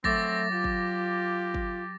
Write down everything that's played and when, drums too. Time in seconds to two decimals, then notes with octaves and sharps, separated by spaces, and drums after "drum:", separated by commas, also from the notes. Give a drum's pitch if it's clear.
0.04 F#3 A3 C4 D6 A6 A#6, drum: kick
0.52 F4 G4
0.64 drum: kick
1.54 drum: kick